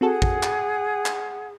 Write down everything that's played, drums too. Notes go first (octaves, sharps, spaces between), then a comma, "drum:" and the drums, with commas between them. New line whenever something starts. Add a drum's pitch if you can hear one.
C4 F#4 G#4 A4 F#5
drum: kick
drum: clap
drum: clap